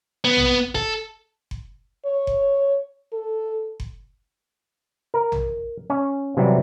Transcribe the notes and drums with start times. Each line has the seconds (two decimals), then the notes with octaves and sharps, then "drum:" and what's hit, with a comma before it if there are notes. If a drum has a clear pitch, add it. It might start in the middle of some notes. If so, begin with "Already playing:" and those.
0.24 B3
0.37 drum: tom A#1
0.75 A4, drum: kick F#1
1.51 drum: kick F#1
2.05 C#5
2.27 drum: kick F#1
3.13 A4
3.80 drum: kick F#1
5.14 A#4
5.32 drum: tom A#1
5.90 C#4
6.37 C3 E3 F#3 G3